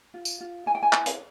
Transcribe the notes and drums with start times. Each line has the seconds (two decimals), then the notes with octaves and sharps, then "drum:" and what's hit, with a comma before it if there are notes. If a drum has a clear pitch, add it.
0.14 F4
0.25 drum: tambourine
0.41 F4
0.66 E4 G#5
0.75 G5
0.83 G#5
0.93 E4, drum: clap
1.06 drum: hi-hat